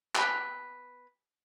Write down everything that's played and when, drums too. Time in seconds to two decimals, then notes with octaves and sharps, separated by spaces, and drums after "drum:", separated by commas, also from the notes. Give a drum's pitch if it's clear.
0.15 B3 B4, drum: clap